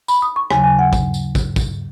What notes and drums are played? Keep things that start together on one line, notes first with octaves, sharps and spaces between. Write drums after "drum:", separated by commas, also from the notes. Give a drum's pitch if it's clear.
B5, drum: tambourine
D#6
C#6
D#2 C#3 F#3 G#5, drum: rim click
G#5
F#5
drum: kick, tambourine
drum: tambourine
drum: kick, tambourine
drum: kick, tambourine